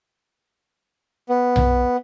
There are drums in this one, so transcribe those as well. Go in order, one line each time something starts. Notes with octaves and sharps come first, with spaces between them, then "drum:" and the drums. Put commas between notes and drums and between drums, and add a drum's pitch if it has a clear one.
B3
drum: tom B1